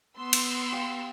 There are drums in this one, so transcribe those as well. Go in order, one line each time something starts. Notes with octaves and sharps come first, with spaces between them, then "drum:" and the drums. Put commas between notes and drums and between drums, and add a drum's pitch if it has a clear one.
B3 C6 E6
drum: cymbal
G4 F5